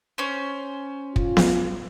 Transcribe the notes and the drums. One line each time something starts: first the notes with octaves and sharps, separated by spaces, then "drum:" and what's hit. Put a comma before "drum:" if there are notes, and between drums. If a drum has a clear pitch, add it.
C#4 C5
F4, drum: kick
drum: snare B3